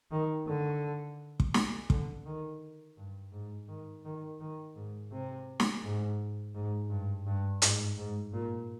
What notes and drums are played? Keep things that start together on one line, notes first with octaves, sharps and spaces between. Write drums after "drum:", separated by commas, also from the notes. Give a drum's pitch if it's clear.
D#3
D3
drum: kick
drum: snare
D3, drum: kick
D#3
G2
G#2
D#3
D#3
D#3
G#2
C3
drum: snare
G#2
G#2
G2
G2
G#2, drum: hi-hat
G#2
A#2